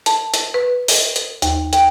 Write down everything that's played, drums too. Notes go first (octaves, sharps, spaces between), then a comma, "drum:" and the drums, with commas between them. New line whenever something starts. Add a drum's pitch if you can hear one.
A5, drum: hi-hat
drum: hi-hat
B4
drum: open hi-hat
drum: hi-hat
D#2, drum: hi-hat
G5, drum: hi-hat